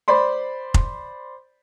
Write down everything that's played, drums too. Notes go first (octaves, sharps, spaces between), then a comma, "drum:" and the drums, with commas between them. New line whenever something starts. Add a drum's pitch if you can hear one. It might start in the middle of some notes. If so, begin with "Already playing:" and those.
C5 D5 B5 C6
drum: kick F1